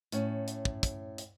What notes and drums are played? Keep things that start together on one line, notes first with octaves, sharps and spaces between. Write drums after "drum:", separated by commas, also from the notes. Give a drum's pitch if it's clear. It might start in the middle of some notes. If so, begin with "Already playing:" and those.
A2 C#4, drum: hi-hat
drum: hi-hat
drum: kick
drum: kick, hi-hat
drum: hi-hat